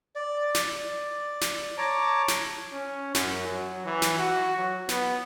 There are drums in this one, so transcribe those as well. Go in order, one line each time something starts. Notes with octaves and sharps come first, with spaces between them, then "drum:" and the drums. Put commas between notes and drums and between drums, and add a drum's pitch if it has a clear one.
D5
drum: snare
D5
drum: snare
C#5 A5 A#5 D6
drum: snare
C#4
F#2, drum: snare
F#3
E3
drum: snare
F#4
F#3
B3, drum: snare